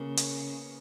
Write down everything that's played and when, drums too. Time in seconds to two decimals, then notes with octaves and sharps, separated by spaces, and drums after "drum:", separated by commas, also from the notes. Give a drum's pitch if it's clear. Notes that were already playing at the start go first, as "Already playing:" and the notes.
Already playing: C#3 A#3 B3
0.17 drum: hi-hat